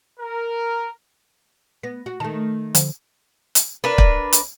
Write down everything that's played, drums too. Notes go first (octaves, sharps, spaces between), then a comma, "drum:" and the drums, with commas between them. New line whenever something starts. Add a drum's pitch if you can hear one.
A#4
B3 A#6
F#4
D#3 A3 A5
D3 F3, drum: hi-hat
drum: hi-hat
D4 A#4 B4
drum: kick
drum: hi-hat